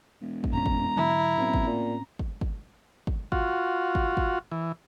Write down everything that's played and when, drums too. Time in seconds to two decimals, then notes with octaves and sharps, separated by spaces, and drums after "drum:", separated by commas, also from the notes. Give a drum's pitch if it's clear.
0.22 E1
0.44 drum: kick
0.53 F2 A#2 C#4 A#5
0.66 drum: kick
0.97 G#2 D3 F#3 E4
1.38 B1 A2 C4 C#4
1.54 drum: kick
1.67 A#2
2.19 drum: kick
2.41 drum: kick
3.07 drum: kick
3.32 F4 F#4, drum: kick
3.95 drum: kick
4.17 drum: kick
4.52 E3